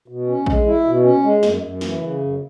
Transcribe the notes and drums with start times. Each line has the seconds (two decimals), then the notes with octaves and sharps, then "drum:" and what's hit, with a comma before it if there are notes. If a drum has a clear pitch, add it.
0.08 B2
0.27 C#4
0.46 G#3, drum: kick
0.66 E4
0.85 B2
1.04 C#4
1.23 G#3
1.43 F#2, drum: snare
1.62 F#2
1.81 E3, drum: snare
2.01 C#3
2.21 F#2